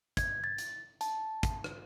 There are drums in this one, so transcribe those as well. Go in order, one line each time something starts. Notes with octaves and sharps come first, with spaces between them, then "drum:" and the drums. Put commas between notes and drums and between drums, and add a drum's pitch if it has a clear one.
G#6, drum: kick, hi-hat
A6
drum: hi-hat
A5, drum: hi-hat
drum: kick, hi-hat
drum: rim click